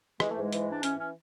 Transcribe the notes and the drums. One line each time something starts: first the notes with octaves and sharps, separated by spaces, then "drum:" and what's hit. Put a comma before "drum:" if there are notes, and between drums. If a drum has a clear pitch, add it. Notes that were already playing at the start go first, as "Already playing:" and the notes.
E3 G#3, drum: rim click
A3
G#2
G#3
E3, drum: hi-hat
G#2 D4
E3 C#4, drum: hi-hat
C#4